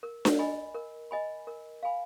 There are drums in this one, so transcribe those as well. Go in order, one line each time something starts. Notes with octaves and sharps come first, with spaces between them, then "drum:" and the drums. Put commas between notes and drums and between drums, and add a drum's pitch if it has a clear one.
A#4
drum: snare D4
D#5 G#5 B5
A#4
D#5 G#5 B5
A#4
F5 G#5 B5